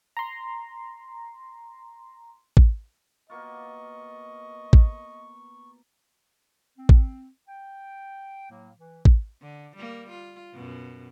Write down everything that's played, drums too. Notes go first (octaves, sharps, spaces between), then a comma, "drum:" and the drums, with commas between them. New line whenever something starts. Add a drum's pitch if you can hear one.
A#5 C6
drum: kick
B2 A#3 F4 D#5 C#6
drum: kick
C4
drum: kick
G5
A2 F#3 A#3
E3
drum: kick
D3
G3 A#3
F4
F#2 B2